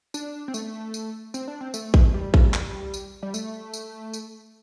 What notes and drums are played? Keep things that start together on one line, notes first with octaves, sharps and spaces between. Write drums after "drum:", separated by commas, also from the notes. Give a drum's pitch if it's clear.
D4, drum: tambourine
C4
A3, drum: tambourine
drum: tambourine
C4, drum: tambourine
D4
C4
A3, drum: tambourine
drum: kick
G3
drum: kick
drum: clap
drum: tambourine
G3
A3, drum: tambourine
drum: tambourine
drum: tambourine